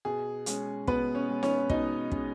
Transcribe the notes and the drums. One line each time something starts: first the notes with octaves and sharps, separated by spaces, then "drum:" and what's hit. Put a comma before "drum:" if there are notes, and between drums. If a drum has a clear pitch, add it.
B2 G#4
G#3 C#4, drum: hi-hat
B2 B3 B4, drum: kick
C#4 C#5
G#3 C#4
C#4 C#5, drum: snare
B2 D#4 D#5, drum: kick
G#3 C#4, drum: kick